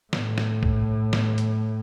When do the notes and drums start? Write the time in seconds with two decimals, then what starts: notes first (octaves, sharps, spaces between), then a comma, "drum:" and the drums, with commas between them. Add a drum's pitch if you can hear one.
0.13 A2, drum: snare
0.38 drum: snare
0.63 drum: kick B1
1.13 drum: snare
1.38 drum: hi-hat